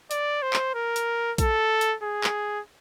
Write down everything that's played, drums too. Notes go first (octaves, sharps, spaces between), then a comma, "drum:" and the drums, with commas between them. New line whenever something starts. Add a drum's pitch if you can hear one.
D5, drum: hi-hat
C5
drum: clap
A#4
drum: hi-hat
A4, drum: kick A#1, hi-hat
drum: hi-hat
G#4
drum: clap